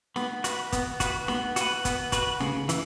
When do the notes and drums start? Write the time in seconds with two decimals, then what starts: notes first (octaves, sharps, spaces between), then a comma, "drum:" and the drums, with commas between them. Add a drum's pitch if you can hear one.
0.16 B3, drum: snare
0.44 F#4 B4, drum: hi-hat
0.72 B3, drum: kick, hi-hat
1.00 F#4 B4, drum: kick, hi-hat
1.28 B3, drum: snare
1.56 F#4 B4, drum: hi-hat
1.85 B3, drum: kick, hi-hat
2.12 F#4 B4, drum: kick, hi-hat
2.40 C#3, drum: snare
2.69 E3, drum: hi-hat